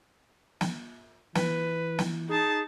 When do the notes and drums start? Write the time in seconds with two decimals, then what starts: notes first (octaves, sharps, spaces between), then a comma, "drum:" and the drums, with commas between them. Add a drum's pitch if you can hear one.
0.61 drum: snare
1.35 E3 B4, drum: snare
1.99 drum: snare
2.29 D#4 G#4 A5